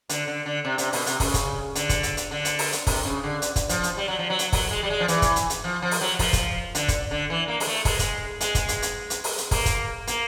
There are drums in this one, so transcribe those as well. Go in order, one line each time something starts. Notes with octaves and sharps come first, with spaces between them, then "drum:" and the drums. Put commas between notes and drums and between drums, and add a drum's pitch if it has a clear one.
D3, drum: hi-hat
D3
D3
C3
C3, drum: hi-hat
B2, drum: open hi-hat
C3, drum: hi-hat
C#3, drum: kick, open hi-hat
drum: kick, hi-hat
D3, drum: hi-hat
drum: kick, hi-hat
drum: hi-hat
drum: hi-hat
D3
drum: hi-hat
drum: open hi-hat
drum: hi-hat
C3, drum: kick, open hi-hat
C#3
D3
drum: hi-hat
drum: kick, hi-hat
F3, drum: hi-hat
drum: hi-hat
G3
F#3
F3
F#3
drum: hi-hat
F#3, drum: kick, open hi-hat
G#3
G3
G#3
F3
E3, drum: hi-hat
drum: kick, hi-hat
drum: hi-hat
drum: hi-hat
F3
F3
drum: open hi-hat
F#3
F3, drum: kick, open hi-hat
drum: kick, hi-hat
D3, drum: hi-hat
drum: kick, hi-hat
D3
E3
A#3
G#3, drum: open hi-hat
A3
G#3, drum: kick, open hi-hat
drum: kick, hi-hat
G#3, drum: hi-hat
drum: kick, hi-hat
drum: hi-hat
drum: hi-hat
drum: hi-hat
drum: open hi-hat
drum: hi-hat
A#3, drum: kick, open hi-hat
drum: kick, hi-hat
A#3, drum: hi-hat